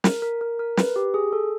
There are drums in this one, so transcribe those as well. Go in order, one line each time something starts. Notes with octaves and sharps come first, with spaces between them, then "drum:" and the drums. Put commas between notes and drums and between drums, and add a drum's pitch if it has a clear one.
A#4, drum: snare
A#4
A#4
A#4
B4, drum: snare
G4
G#4
A4